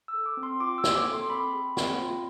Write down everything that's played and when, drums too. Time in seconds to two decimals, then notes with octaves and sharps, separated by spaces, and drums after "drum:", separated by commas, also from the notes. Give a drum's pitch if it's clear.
0.08 E6
0.14 A4
0.26 D6
0.37 C4
0.43 C6
0.60 F4 D6
0.78 E6
0.84 C4, drum: snare
0.95 D6
1.07 A4
1.13 C6
1.30 C4 B5
1.53 G#4
1.77 C4, drum: snare
2.00 F4